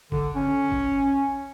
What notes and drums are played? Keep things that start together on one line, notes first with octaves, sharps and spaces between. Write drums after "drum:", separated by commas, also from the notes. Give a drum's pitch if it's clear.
D3, drum: kick G1
C#4
drum: kick G1